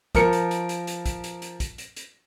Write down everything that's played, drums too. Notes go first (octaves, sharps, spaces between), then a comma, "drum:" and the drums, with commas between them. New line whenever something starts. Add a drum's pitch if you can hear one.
F3 A#4 C#7, drum: kick, hi-hat
drum: hi-hat
drum: hi-hat
drum: hi-hat
drum: hi-hat
drum: kick, hi-hat
drum: hi-hat
drum: hi-hat
drum: kick, hi-hat
drum: hi-hat
drum: hi-hat